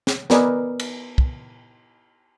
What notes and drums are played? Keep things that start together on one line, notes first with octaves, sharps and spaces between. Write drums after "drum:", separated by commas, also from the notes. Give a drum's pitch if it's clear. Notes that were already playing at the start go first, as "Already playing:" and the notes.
drum: snare
B3 A#4 B4 D5 D#5 G#5, drum: snare
drum: cymbal
drum: kick